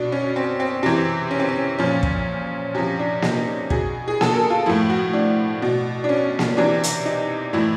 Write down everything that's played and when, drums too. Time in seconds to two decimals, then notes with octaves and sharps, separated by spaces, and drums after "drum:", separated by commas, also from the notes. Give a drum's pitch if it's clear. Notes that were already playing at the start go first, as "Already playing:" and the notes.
Already playing: B2 D4
0.12 C#4
0.36 C4
0.60 C4
0.83 C3 E3 C4
1.31 C#4
1.40 C4
1.49 C#4
1.79 A#2 F3 C#4
2.03 drum: kick
2.75 C3 F3 C#4
2.99 D4
3.22 D#4, drum: snare A#3
3.70 B2 G#4, drum: kick
4.08 G#4
4.21 A4, drum: snare A#3
4.34 A#4
4.50 F4
4.66 A2 F3 E4
4.90 F#4
5.13 D4
5.62 B2
6.04 D4
6.09 C#4
6.39 drum: snare A#3
6.57 C3 E3 D4
6.83 drum: hi-hat
7.05 D#4
7.53 A2 E3 E4